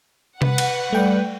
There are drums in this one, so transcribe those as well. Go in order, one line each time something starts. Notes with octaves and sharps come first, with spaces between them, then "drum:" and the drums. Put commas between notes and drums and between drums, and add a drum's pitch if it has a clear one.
B4 F#5, drum: tom C3
drum: cymbal
G3 A3 G5